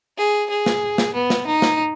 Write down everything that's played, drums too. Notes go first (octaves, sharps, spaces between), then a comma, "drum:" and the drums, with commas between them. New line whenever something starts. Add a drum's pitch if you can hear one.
G#4
G#4
drum: snare
drum: snare
B3
drum: snare
D#4
drum: snare